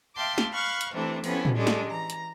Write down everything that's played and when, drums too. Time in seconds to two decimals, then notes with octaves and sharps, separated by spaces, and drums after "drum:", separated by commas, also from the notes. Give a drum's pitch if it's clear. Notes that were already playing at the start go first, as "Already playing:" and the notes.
0.15 E5 F5 G5 A5 C6 D6
0.38 drum: snare
0.53 F5 B5 C#6 F6 F#6
0.81 drum: hi-hat
0.94 C3 E3 A3 D4 E4 A4
1.24 C3 F3 B3 C#4 E4 A4, drum: open hi-hat
1.45 drum: tom
1.57 G3 G#3 C#4 D4 G4 A4
1.67 drum: snare
1.88 E3 A#5
2.10 drum: hi-hat